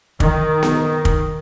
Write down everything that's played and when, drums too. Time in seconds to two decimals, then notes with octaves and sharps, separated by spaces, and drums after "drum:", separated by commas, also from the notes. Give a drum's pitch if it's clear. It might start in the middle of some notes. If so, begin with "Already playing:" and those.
0.20 D#3, drum: kick
0.63 drum: snare B3
1.05 drum: kick